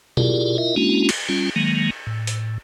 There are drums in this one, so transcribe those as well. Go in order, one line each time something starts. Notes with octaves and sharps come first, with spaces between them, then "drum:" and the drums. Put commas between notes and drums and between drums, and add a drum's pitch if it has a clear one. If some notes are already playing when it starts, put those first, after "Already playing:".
E4 F4 G4 G#4 A#4 D5, drum: tom B2
E4 F4 A#4 D#5 E5
G#3 A#3 C#4 D4 E4 F#4
drum: cymbal
G3 C#4 F4
D#3 F#3 G#3 A#3
A2
drum: hi-hat